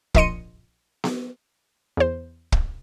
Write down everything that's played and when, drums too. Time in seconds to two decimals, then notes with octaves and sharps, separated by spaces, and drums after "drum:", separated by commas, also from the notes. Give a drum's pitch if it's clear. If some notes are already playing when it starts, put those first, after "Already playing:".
0.14 A#1 A#2 D#5 C6 C#7 D#7, drum: kick
1.04 drum: snare B3
1.97 E2 C5
2.52 drum: kick